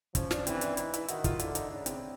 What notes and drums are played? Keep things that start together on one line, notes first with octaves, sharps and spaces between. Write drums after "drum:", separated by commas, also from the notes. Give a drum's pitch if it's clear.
F3 C#4, drum: kick, hi-hat
D4, drum: snare
E3 C4, drum: hi-hat
D4, drum: hi-hat
E3 D#4, drum: hi-hat
E4, drum: hi-hat
D#3 F#4, drum: hi-hat
F4, drum: kick, hi-hat
D3 E4, drum: hi-hat
D#4, drum: hi-hat
C#3 D4
C4, drum: hi-hat